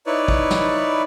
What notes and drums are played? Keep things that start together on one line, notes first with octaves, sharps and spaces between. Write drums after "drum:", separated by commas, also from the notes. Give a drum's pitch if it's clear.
D#4 E4 B4 C#5 D5
drum: kick
drum: snare